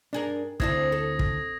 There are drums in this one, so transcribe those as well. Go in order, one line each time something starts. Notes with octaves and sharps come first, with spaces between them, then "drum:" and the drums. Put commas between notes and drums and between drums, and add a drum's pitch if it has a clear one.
G2 D4 G#4 A#4
D2 C4 D4 E4 A4 D#6 G#6 A#6, drum: kick
A4
drum: kick